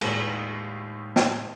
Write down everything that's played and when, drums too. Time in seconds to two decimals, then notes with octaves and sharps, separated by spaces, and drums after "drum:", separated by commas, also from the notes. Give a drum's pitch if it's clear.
0.01 D#2 A2 G#3, drum: cymbal
1.16 drum: snare